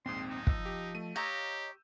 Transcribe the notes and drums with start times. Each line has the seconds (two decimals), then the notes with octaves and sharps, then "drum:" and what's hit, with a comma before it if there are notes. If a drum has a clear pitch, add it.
0.06 A#1 D#2 G#2 C4 C6 D#6
0.31 D#4
0.47 F3 D#5 E6, drum: kick
0.66 G4
0.95 A3 D#7
1.16 G4 C#5 D#5 F5 A#5 E6 G6